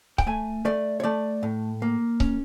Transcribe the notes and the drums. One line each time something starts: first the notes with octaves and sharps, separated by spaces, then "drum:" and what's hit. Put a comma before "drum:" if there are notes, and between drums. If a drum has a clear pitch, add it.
G5, drum: kick C#1
A3 G#5
A3 D5
C#5
A3 D5
A2
A#3
C#4, drum: kick C#1